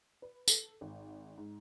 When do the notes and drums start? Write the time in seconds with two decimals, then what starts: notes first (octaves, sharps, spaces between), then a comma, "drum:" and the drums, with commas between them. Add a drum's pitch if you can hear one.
0.22 B4
0.48 A4, drum: tambourine
0.81 G#1
1.38 G#2